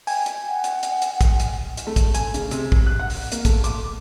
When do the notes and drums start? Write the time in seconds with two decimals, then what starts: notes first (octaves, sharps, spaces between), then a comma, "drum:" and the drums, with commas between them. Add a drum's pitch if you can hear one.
0.07 G5 G#5, drum: open hi-hat
0.26 drum: hi-hat
0.48 F#5
0.64 drum: hi-hat
0.83 drum: hi-hat
1.02 drum: hi-hat
1.21 drum: kick, hi-hat
1.40 drum: hi-hat
1.77 drum: hi-hat
1.87 A3
1.96 drum: kick, hi-hat
2.14 G#5, drum: hi-hat
2.34 C#3, drum: hi-hat
2.51 C3, drum: hi-hat
2.72 drum: kick
2.87 F#6
2.99 F#5
3.10 drum: open hi-hat
3.32 A#3, drum: hi-hat
3.45 A3, drum: kick, hi-hat
3.64 D6, drum: hi-hat